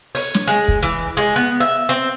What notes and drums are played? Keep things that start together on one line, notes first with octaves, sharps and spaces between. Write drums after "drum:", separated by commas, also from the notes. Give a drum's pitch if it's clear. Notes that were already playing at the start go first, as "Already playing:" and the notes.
C#5, drum: open hi-hat
drum: snare
G#3
drum: kick
E3
G#3
B3
E5
C4